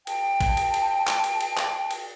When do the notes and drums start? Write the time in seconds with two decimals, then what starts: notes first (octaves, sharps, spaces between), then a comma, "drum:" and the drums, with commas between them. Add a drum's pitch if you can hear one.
0.07 G5 A5, drum: cymbal
0.41 drum: kick A1, cymbal
0.57 drum: cymbal
0.74 drum: cymbal
1.07 drum: clap
1.24 drum: cymbal
1.41 drum: cymbal
1.57 drum: clap
1.91 drum: cymbal